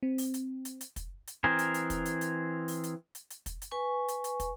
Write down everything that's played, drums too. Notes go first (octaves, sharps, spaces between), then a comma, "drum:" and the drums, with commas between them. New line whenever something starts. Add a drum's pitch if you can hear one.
C4
drum: open hi-hat
drum: hi-hat
drum: hi-hat
drum: hi-hat
drum: kick, hi-hat
drum: hi-hat
E3 C4 G#4 A#4
drum: hi-hat
drum: hi-hat
drum: kick, hi-hat
drum: hi-hat
drum: hi-hat
drum: open hi-hat
drum: hi-hat
drum: hi-hat
drum: hi-hat
drum: kick, hi-hat
drum: hi-hat
B4 G#5 C#6
drum: hi-hat
drum: hi-hat
drum: kick, hi-hat